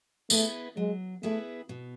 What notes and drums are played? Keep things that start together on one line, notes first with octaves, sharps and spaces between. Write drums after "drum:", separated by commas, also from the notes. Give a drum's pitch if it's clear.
A3 B3 E4 G#4 B4, drum: tambourine
F#3 G#3
A3 B3 E4 G#4 B4
B2